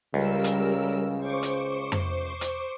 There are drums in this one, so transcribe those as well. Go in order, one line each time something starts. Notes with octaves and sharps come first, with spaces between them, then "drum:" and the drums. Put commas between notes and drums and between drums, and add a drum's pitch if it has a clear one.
C#2 C#3 G3 A#4 E6
drum: hi-hat
C5 C#6 D6
drum: hi-hat
drum: tom F2
drum: hi-hat